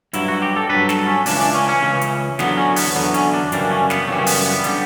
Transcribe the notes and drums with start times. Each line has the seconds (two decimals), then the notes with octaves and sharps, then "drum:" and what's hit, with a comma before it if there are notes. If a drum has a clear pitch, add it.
0.13 G2 F#3 E4, drum: hi-hat
0.28 F#4
0.42 G4
0.56 A4
0.69 G2 F#3 B4
0.89 A4, drum: snare
1.07 C#4
1.26 C#2 C#3 E3 D4, drum: open hi-hat
1.40 D4
1.54 C#4
1.69 C#4
1.82 C#2 C#3 E3
2.01 drum: hi-hat
2.39 E2 D3 F#3 B3, drum: snare
2.57 C#4
2.76 B3, drum: open hi-hat
2.95 E2 D3 F#3 B3
3.14 C#4, drum: hi-hat
3.34 D4
3.52 F#2 C#3 E3 G3 D4, drum: hi-hat
3.71 C#4
3.90 B3, drum: snare
4.08 F#2 C#3 E3 G3 A3
4.18 C#4
4.27 B3, drum: open hi-hat
4.46 B3
4.64 D3 G3, drum: hi-hat